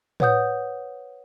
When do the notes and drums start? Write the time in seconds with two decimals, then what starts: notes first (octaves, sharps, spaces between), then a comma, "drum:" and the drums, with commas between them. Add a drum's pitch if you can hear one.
0.20 B4 C#5 F#5 D#6 G6, drum: tom A2